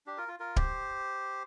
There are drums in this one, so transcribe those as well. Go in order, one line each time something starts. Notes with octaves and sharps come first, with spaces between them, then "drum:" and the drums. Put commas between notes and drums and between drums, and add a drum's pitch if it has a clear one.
D4 G4
F4 A#4
F4
F4 A#4
G4 C5, drum: kick D1